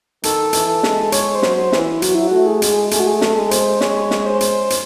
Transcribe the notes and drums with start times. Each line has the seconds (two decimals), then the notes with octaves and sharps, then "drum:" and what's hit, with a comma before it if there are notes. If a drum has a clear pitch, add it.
0.23 D#3 A4, drum: hi-hat
0.53 E3, drum: hi-hat
0.68 A4
0.83 G#3, drum: snare
1.12 G#3 C#5, drum: hi-hat
1.35 C5
1.42 F#3, drum: snare
1.57 C5
1.72 E3, drum: snare
1.80 E4
2.02 F#3 F#4, drum: hi-hat
2.15 E4
2.27 A3 F#4
2.47 G#4
2.62 G#3, drum: hi-hat
2.91 A3 G#4, drum: hi-hat
3.00 F#4
3.07 G#4
3.21 A4, drum: snare
3.36 G#3
3.51 C5, drum: hi-hat
3.81 G#3 C#5, drum: snare
4.11 drum: snare
4.26 C5
4.41 drum: hi-hat
4.70 drum: hi-hat